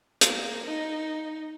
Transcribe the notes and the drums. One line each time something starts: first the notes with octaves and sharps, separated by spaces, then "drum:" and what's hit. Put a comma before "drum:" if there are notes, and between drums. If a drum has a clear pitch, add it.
A#3, drum: hi-hat
D#4